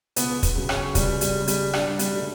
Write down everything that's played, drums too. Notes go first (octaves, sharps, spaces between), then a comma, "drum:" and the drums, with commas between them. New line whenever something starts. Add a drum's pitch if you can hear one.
C#2 B3, drum: hi-hat
drum: kick, hi-hat
C#3 F#3
C#4, drum: rim click
C#2 G3, drum: kick, hi-hat
G3, drum: hi-hat
C#3 F#3
G3, drum: hi-hat
G2 D4, drum: rim click
G3, drum: hi-hat
D3 F#3 A3